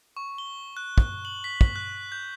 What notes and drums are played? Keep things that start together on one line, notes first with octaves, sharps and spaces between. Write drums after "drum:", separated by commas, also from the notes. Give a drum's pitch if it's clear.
C#6
G7
F#6
drum: kick
F#7
B6
drum: kick
F#6
G6